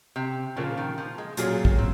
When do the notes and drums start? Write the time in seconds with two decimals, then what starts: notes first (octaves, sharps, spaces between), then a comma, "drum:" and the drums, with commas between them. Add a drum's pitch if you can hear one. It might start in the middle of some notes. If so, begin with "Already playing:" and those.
0.16 C3
0.56 A#2 C#3 F3 A#3 F4
0.77 D#3
0.98 F3
1.18 G#3
1.37 A#2 F#3 A#3 C#4 F4 G#4, drum: hi-hat
1.65 drum: kick
1.78 C4